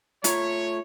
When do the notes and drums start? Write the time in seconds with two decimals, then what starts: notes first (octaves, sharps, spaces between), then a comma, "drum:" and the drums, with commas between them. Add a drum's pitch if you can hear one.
0.24 A3 F4 C#5 A#5, drum: hi-hat